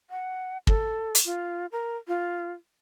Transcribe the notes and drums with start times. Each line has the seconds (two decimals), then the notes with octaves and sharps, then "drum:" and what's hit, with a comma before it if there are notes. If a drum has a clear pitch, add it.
0.10 F#5
0.67 A4, drum: kick
1.15 drum: hi-hat
1.25 F4
1.72 A#4
2.08 F4